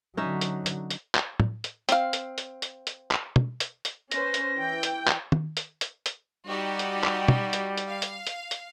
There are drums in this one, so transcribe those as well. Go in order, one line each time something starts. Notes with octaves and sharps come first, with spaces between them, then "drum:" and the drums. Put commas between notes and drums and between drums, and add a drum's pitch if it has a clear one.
D3 F#3 C#4 D#4 E5
drum: hi-hat
drum: hi-hat
drum: hi-hat
drum: clap
drum: tom
drum: hi-hat
C4 F5, drum: hi-hat
drum: hi-hat
drum: hi-hat
drum: hi-hat
drum: hi-hat
drum: clap
drum: tom
drum: hi-hat
drum: hi-hat
C#4 B4 C5 A#6, drum: hi-hat
drum: hi-hat
E3 G5
drum: hi-hat
drum: clap
drum: tom
drum: hi-hat
drum: hi-hat
drum: hi-hat
G3 D#4 F#4 G4
drum: hi-hat
drum: clap
drum: tom
drum: hi-hat
drum: hi-hat
F5
drum: hi-hat
drum: hi-hat
drum: hi-hat